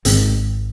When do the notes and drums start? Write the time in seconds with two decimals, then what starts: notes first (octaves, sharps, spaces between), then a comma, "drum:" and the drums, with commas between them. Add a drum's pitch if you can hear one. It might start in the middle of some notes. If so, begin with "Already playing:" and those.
0.05 G#1 G#2 D#3 C4, drum: hi-hat